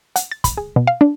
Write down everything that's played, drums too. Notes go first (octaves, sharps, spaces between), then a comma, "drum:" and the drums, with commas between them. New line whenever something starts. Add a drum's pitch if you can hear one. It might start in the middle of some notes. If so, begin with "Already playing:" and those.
F#5, drum: hi-hat
A6
B5, drum: kick, hi-hat
G#4
B2
F5
D4